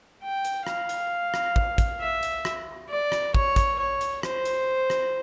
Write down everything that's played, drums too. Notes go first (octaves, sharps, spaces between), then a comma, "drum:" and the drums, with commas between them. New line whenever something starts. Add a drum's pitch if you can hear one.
G5
drum: hi-hat
F5, drum: rim click
drum: hi-hat
drum: rim click
drum: kick
drum: kick, hi-hat
E5
drum: hi-hat
drum: rim click
D5
drum: rim click
C#5, drum: kick
drum: kick, hi-hat
C#5
drum: hi-hat
C5, drum: rim click
drum: hi-hat
drum: rim click